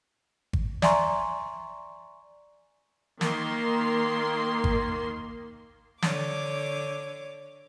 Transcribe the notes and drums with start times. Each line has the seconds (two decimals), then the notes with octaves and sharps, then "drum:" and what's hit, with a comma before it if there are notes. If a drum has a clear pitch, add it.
0.53 drum: kick G#1
0.82 D5 E5 G#5 A#5 C6 C#6, drum: snare
3.21 D#3 A#3 C6, drum: snare
4.64 drum: kick G#1
6.02 D3 C#5 D6, drum: snare